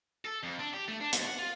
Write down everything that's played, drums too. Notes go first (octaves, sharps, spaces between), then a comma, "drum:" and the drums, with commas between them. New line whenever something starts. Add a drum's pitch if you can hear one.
A4
F2
D4
G4
A3
D4
D#2, drum: hi-hat
F#5
F4